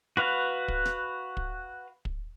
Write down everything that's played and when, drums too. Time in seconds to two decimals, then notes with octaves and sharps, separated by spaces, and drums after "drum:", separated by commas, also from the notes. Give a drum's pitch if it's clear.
0.17 F#4 B4 F5
0.68 drum: kick
0.85 drum: snare
1.37 drum: kick
2.05 drum: kick